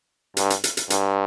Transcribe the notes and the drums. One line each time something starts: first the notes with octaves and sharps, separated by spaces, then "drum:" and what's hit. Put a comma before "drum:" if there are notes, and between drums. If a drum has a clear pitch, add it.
G2, drum: hi-hat
drum: hi-hat
drum: hi-hat
drum: hi-hat
G2, drum: hi-hat